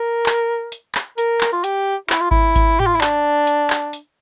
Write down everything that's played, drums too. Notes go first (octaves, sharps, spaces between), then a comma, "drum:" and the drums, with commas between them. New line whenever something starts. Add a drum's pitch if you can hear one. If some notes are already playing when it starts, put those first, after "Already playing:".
Already playing: A#4
drum: clap
drum: hi-hat
drum: clap
A#4, drum: hi-hat
drum: clap
F4
G4, drum: hi-hat
E4, drum: clap
F4
E4, drum: kick G#1
drum: kick G#1, hi-hat
G4, drum: tom G#2
F4
E4
D4, drum: clap
drum: hi-hat
drum: clap
drum: hi-hat